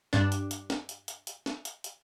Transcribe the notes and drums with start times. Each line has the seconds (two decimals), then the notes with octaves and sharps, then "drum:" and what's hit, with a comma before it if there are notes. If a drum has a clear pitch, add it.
0.13 G2 D4, drum: snare
0.32 drum: hi-hat
0.51 drum: hi-hat
0.70 drum: snare
0.89 drum: hi-hat
1.08 drum: hi-hat
1.27 drum: hi-hat
1.46 drum: snare
1.65 drum: hi-hat
1.84 drum: hi-hat